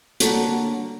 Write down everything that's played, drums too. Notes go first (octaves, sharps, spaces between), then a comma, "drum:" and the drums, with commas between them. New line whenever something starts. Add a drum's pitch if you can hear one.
D3 G3 A#3 F#4 A4 C#5, drum: hi-hat